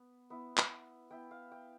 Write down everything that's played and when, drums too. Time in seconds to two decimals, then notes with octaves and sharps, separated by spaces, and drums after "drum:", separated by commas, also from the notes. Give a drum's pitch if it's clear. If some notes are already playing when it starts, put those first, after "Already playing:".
Already playing: B3
0.30 B3 E4
0.57 drum: clap
1.10 B3 E4 G5
1.31 F5
1.52 G5